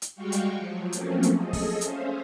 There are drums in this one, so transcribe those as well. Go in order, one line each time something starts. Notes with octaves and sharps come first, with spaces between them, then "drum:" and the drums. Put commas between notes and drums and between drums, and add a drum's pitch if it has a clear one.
drum: hi-hat
G3 G#3 F#4 F5 G5 C#6
drum: hi-hat
F3 F#3
F3 F#3 A3 A#3 C4 C#4, drum: hi-hat
drum: hi-hat
G#4 A4 D#5 D#6
drum: kick, open hi-hat
C#4 C5 E5 F5, drum: hi-hat